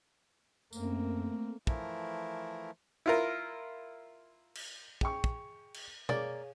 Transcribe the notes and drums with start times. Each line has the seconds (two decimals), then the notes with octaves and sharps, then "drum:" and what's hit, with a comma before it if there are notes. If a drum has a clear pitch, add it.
0.73 F#2 A3 A#3 C4, drum: tambourine
1.67 E3 F3 A3 E4 A#4, drum: kick
3.06 E4 F4 A#4
4.55 drum: cymbal
5.01 G#4 G5 C#6, drum: kick
5.24 drum: kick
5.74 drum: cymbal
6.09 A#3 G#4 C#5 D5 F5, drum: tom B2